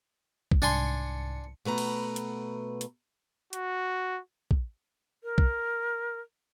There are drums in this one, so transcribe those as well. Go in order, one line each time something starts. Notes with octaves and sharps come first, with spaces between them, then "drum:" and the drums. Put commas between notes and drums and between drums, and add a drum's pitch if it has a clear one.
drum: kick
C2 G#2 D4 G#5 C6 C#7
B2 A3 B4 A#5
drum: cymbal
drum: hi-hat
drum: hi-hat
F#4, drum: hi-hat
drum: kick
A#4
drum: kick